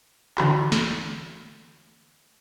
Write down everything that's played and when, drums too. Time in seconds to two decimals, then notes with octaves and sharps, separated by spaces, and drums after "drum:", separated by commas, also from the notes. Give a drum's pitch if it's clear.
0.38 D3 E3 F#4, drum: clap
0.72 drum: snare